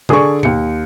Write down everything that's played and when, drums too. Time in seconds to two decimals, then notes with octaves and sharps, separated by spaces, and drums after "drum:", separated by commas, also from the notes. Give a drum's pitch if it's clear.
0.09 D3 G#4 A4 D5 C#6, drum: tom C3
0.43 D#2 C#7, drum: tom B2